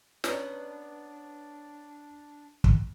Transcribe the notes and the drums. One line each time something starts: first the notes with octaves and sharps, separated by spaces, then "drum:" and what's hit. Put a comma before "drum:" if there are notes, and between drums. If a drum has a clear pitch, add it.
F#3 B3 C#4 D4 B4 D5, drum: snare
drum: kick